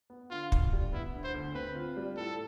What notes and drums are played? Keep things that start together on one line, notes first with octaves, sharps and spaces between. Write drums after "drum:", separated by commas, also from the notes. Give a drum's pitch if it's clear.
B3
D3 F4
D2, drum: kick
G3
B3 E4
D3
C5
D2
C4 B4
F4
G3
A2 A4